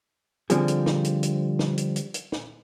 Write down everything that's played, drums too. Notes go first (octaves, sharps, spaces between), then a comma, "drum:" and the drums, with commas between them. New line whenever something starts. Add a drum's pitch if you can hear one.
D3 F3 G3 C4 G#4, drum: hi-hat
drum: hi-hat
drum: snare
drum: hi-hat
drum: hi-hat
drum: snare
drum: hi-hat
drum: hi-hat
drum: hi-hat
drum: snare